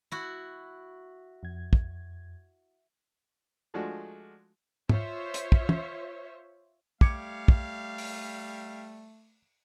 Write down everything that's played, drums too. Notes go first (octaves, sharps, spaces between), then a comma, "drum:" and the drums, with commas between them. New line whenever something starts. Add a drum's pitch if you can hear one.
E4 F#4
F2 G#6
drum: kick
F3 G#3 A3 D4 F#4
F4 C5 C#5 E5, drum: tom
drum: hi-hat
drum: kick
drum: tom
G3 A3 F5 D6 G#6 C#7, drum: kick
drum: kick
drum: open hi-hat